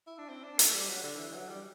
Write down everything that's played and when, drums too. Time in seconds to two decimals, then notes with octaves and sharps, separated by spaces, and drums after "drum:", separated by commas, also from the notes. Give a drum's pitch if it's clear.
0.07 E4
0.18 D4
0.29 C4
0.44 D4
0.59 A3, drum: hi-hat
0.74 G3
0.89 F#3
1.03 D3
1.19 E3
1.33 F#3
1.49 G3